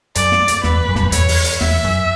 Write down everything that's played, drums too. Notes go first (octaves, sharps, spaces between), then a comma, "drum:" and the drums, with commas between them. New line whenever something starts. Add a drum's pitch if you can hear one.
F#2 D5, drum: hi-hat
drum: snare
drum: hi-hat
E2 B4, drum: snare
F#2
G2, drum: snare
F#2
E2 C#5, drum: hi-hat
drum: open hi-hat
drum: hi-hat
E2 E5, drum: snare
F#2